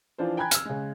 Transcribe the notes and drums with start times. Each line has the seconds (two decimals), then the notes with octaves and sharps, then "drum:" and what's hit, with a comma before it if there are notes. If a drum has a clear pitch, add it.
0.18 E3 F3 D4 F4 C5
0.37 G5 G#5 A#5 B5 F#6 G#6
0.51 E6 F6, drum: hi-hat
0.65 C#3 G#3